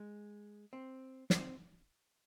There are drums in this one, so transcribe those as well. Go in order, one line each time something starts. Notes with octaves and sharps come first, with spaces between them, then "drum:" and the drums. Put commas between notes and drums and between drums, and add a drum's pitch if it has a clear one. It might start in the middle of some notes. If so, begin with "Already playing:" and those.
Already playing: G#3
C4
C4, drum: snare